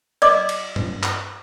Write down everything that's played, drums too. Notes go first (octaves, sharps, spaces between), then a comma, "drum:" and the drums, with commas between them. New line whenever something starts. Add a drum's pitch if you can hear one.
D5 D#5 D6, drum: cymbal
drum: cymbal
drum: tom G2
drum: clap